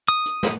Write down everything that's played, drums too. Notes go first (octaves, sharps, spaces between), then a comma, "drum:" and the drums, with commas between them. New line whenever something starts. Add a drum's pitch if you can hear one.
D#6
drum: hi-hat
drum: snare